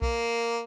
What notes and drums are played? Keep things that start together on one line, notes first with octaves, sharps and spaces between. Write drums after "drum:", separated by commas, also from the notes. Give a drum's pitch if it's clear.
A#3, drum: kick B1